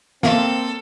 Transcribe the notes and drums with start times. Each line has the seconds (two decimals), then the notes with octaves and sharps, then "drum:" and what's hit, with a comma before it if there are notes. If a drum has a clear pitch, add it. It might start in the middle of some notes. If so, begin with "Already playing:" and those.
0.23 A#3 C4 A4 E5 F5, drum: snare